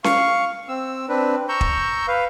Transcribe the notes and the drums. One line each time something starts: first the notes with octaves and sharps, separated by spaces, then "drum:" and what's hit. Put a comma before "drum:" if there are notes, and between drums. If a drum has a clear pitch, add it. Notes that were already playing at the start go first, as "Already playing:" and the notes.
F5 C#6, drum: snare C#4
C4 E6
C4 D4 B4
A#5 C#6 E6 G6
drum: kick
B4 F5